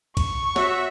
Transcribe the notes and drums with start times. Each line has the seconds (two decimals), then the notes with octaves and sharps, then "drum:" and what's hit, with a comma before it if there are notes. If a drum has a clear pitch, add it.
0.17 C#6, drum: kick, cymbal
0.56 F#4 C#5 E5, drum: snare